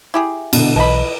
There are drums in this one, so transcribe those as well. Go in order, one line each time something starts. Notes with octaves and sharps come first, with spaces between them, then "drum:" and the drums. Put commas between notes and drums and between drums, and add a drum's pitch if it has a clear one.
E4 G4 G#4
B2 D3, drum: cymbal
B1 E3 B4 D#5 A5 B5